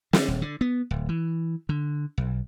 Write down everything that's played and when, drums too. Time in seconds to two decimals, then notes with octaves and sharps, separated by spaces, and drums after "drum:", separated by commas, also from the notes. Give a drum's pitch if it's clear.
0.13 D3, drum: snare
0.28 D#1
0.42 D3
0.61 B3
0.91 D1
1.09 E3
1.69 D3
2.18 B1